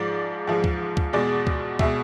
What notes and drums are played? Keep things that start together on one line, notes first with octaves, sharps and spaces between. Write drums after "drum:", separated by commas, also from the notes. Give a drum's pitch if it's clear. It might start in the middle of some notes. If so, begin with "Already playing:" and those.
Already playing: G#2 F3 G#3 D5
G#2 F3 G#3
drum: kick D2
drum: kick D2
E2 B2 G#3 D5
drum: kick D2
B2 G#3 E5, drum: kick D2